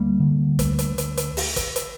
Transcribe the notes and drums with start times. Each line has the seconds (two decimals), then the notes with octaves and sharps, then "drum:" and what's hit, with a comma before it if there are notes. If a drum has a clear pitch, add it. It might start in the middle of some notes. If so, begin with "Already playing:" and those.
Already playing: D2 G3 A#3
0.20 D3
0.59 D2, drum: kick, hi-hat
0.79 drum: hi-hat
0.98 drum: hi-hat
1.17 drum: hi-hat
1.37 drum: open hi-hat
1.56 drum: kick, hi-hat
1.76 drum: hi-hat